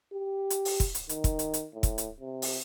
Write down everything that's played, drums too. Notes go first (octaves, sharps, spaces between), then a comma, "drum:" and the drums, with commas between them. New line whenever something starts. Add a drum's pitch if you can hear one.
G4
drum: hi-hat
drum: open hi-hat
drum: kick, hi-hat
drum: hi-hat
D#3, drum: hi-hat
drum: kick, hi-hat
drum: hi-hat
drum: hi-hat
A2
drum: kick, hi-hat
drum: hi-hat
C3
drum: open hi-hat